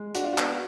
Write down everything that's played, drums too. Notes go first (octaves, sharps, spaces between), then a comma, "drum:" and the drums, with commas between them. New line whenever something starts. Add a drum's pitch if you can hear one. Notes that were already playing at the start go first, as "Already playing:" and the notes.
Already playing: G#3
D4 F#4, drum: hi-hat
F4
F#4
B3, drum: clap